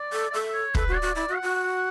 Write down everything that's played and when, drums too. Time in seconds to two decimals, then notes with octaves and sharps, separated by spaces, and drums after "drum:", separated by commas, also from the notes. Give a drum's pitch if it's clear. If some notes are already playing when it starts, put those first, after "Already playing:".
Already playing: D5
0.13 A4
0.30 D5
0.33 A4 E5
0.53 C#5
0.75 A4 B4, drum: kick
0.88 F#4
0.95 D5
1.02 F#4
1.15 E4 D5
1.29 F#4
1.35 F#5
1.42 F#4
1.55 F#5